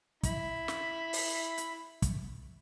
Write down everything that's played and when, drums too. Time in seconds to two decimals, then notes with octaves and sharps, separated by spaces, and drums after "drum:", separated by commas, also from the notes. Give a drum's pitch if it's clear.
0.23 E4 B5, drum: kick, hi-hat
0.68 drum: snare
1.13 drum: open hi-hat
1.58 drum: hi-hat
2.02 drum: kick, hi-hat